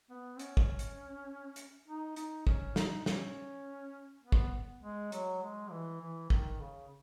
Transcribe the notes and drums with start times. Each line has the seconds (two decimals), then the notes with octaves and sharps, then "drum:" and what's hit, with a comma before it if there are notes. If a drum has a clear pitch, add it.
0.10 B3
0.39 C#4, drum: hi-hat
0.57 drum: kick
0.79 drum: hi-hat
1.56 drum: hi-hat
1.87 D#4
2.16 D#4, drum: hi-hat
2.47 C#4, drum: kick
2.76 D#4, drum: snare
3.06 C#4, drum: snare
4.23 B3
4.32 drum: kick
4.83 G#3
5.12 F#3, drum: hi-hat
5.43 G#3
5.71 E3
6.01 E3
6.30 D#3, drum: kick
6.60 C#3